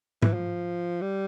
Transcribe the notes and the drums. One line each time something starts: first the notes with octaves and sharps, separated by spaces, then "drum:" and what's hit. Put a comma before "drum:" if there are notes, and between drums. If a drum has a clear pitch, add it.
E3, drum: tom G#2
F3
G3